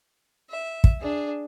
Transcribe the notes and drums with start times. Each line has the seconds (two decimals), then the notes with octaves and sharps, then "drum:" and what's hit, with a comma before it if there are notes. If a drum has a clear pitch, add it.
0.50 E5
0.84 drum: kick
1.01 D4 G#4